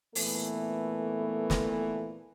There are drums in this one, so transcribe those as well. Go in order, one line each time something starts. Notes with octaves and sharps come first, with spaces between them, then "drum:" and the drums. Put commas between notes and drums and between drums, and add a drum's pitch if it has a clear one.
A#2 E3 A3 B3 A4, drum: open hi-hat
drum: snare